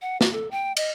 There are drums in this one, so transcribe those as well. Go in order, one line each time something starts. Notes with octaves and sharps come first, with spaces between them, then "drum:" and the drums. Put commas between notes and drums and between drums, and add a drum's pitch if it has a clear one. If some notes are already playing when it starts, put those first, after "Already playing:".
F#5
F#4, drum: snare
A4
G5
D#5, drum: cymbal